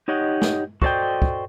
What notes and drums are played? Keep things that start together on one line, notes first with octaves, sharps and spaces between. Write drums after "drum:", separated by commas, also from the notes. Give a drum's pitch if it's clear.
D#4 G4 C#5 D#5 F#5
drum: snare
F#4 A4 C5 D5 D#5 G5, drum: kick
drum: kick